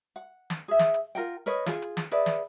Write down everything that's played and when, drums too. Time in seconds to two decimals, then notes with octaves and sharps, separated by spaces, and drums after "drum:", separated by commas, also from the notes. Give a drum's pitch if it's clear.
0.16 F#5
0.50 drum: snare
0.68 G#4 E5
0.79 drum: snare
0.94 drum: hi-hat
1.15 F4 A#4 F#5 G5
1.46 A#4 B4 C#5 D#5
1.66 F4 G#4, drum: snare
1.82 drum: hi-hat
1.97 drum: snare
2.11 G#4 B4 D5 E5, drum: hi-hat
2.26 drum: snare